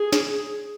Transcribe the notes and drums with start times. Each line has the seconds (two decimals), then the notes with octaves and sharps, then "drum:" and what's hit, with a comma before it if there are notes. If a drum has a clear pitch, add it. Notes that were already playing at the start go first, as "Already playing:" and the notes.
Already playing: G#4
0.13 drum: snare